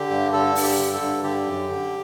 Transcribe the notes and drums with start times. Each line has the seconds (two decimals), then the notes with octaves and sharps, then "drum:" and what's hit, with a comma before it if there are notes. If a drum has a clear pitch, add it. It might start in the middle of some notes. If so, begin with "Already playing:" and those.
Already playing: D3 G4
0.10 G2
0.33 D3 A4
0.55 G2, drum: open hi-hat
0.63 G4
0.78 D3
0.94 A4
1.01 G2
1.23 D3 G4
1.46 F#2
1.69 D3